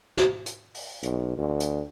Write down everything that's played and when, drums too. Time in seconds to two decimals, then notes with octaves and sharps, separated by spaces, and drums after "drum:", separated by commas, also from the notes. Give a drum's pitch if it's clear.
0.17 drum: snare
0.46 drum: hi-hat
0.74 drum: open hi-hat
1.03 B1, drum: hi-hat
1.38 D2
1.60 drum: hi-hat